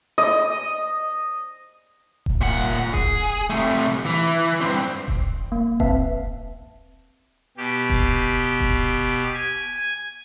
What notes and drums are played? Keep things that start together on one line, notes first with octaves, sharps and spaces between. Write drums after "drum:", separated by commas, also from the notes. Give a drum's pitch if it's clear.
D#5
drum: kick D#1
A#2 F#5
G#4, drum: kick D#1
C3 A3
E3
G2 C4
drum: kick D#1
A#3
C4 B4 E5 F5 A5, drum: kick D#1
B2 G4
drum: kick D#1
drum: kick D#1
G#5